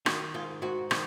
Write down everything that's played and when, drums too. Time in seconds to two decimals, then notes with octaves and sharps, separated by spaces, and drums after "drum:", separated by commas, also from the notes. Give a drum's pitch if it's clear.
0.06 D#3 F#4, drum: rim click
0.34 G#2 F4
0.62 G#2 F#4
0.91 D#3, drum: rim click